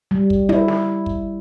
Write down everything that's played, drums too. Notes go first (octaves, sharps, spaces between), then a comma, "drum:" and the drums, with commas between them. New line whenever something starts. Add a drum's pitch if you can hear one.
G3
drum: kick
E4, drum: tom
drum: snare
drum: kick